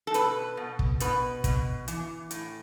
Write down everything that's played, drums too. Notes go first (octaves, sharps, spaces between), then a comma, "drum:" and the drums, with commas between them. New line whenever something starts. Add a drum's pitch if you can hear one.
A4
B2 B4, drum: hi-hat
B2
drum: kick
B2 B4, drum: hi-hat
B2, drum: kick, hi-hat
E3, drum: hi-hat
A2, drum: hi-hat